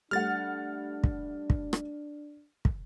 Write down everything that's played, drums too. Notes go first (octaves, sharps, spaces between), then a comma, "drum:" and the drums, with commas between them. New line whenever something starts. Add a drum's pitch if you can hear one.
G3 A3 D4 F#5 F6 A6
drum: kick
drum: kick
drum: rim click
drum: kick